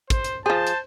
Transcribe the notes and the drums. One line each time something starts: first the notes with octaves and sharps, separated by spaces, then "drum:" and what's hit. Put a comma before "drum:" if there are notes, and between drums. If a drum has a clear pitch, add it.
C5, drum: kick, hi-hat
drum: hi-hat
F3 G#4 C5 A5
drum: hi-hat